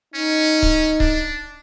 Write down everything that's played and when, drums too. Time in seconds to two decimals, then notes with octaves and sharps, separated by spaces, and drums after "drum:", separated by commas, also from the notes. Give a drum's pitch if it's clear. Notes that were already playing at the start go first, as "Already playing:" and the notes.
0.14 C#4 D#4
0.63 drum: kick C#1
1.00 D4, drum: kick C#1